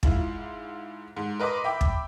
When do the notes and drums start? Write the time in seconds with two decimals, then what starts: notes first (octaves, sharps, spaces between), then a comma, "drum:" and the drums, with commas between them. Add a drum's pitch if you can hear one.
0.03 G#2 E4 F4, drum: kick
1.17 G#2
1.40 A#4 B4 D#5 C6 D6
1.64 E5 G5 B5 D6
1.81 drum: kick